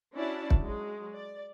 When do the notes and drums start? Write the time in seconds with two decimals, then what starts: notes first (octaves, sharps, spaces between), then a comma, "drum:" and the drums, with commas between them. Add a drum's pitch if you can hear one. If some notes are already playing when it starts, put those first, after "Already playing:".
0.15 C#4 D4 E4 F#4 D5 A5
0.50 drum: kick
0.62 F#3 G#3
1.14 D5